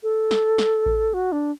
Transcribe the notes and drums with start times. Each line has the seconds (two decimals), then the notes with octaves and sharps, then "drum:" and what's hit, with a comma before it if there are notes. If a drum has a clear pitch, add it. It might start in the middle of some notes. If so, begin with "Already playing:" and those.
0.03 A4
0.31 drum: snare
0.58 drum: snare
0.86 drum: kick A1
1.14 F#4
1.32 D4